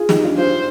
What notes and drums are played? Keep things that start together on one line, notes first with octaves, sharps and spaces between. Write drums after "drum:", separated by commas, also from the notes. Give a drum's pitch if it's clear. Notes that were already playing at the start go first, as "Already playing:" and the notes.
Already playing: F4 G#4
D#4 G4, drum: snare
D4 F4
D4 F4 C5